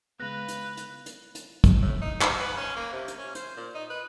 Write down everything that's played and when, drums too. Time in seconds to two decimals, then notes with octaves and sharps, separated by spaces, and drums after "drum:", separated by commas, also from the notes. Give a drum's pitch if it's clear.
0.20 C#3 G#3 B3 B4 F5 F#6 A#6
0.48 drum: hi-hat
0.77 drum: hi-hat
1.06 drum: hi-hat
1.35 drum: hi-hat
1.64 drum: kick, hi-hat
1.82 A2
2.01 D#4
2.21 F3, drum: clap
2.40 B4
2.57 C#4
2.76 A#3
2.93 C3
3.08 drum: hi-hat
3.19 C#4
3.35 C5, drum: hi-hat
3.57 A#2
3.75 D#4
3.90 B4